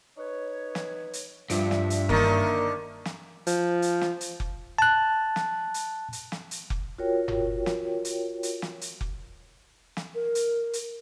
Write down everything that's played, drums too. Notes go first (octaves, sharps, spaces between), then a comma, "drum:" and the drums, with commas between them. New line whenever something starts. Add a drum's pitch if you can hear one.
D#4 B4 C#5
drum: snare
drum: hi-hat
G2 F3 D4 E5, drum: hi-hat
drum: snare
drum: hi-hat
D3 D#3 A#3, drum: kick F1
drum: snare
F3, drum: hi-hat
drum: hi-hat
drum: snare
drum: hi-hat
drum: kick F1
A5 F#6
drum: snare
drum: hi-hat
drum: hi-hat
drum: snare
drum: hi-hat
drum: kick F1
F4 F#4 A#4 C#5 G5
drum: tom F#1
drum: snare
drum: hi-hat
drum: hi-hat
drum: snare
drum: hi-hat
drum: kick F1
drum: snare
A#4
drum: hi-hat
drum: hi-hat